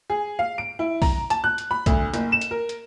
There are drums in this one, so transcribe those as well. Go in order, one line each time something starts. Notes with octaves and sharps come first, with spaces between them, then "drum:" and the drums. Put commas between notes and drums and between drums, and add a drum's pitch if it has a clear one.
G#4
F5
D7
E4
A#5, drum: kick B1, open hi-hat
A5, drum: hi-hat
F#6
drum: hi-hat
B5
D2, drum: kick B1, hi-hat
F#1, drum: hi-hat
E7
drum: hi-hat
A#4
drum: hi-hat